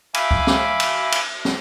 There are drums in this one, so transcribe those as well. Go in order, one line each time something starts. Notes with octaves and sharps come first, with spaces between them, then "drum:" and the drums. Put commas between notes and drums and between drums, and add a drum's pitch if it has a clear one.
E5 F5 G#5 B5 D6, drum: cymbal
drum: kick C#2
drum: snare
drum: cymbal
drum: cymbal
drum: snare